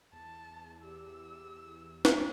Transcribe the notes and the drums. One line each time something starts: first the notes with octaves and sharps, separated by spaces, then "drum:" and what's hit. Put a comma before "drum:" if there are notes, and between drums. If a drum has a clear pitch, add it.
E2 A5
G4 E6
drum: snare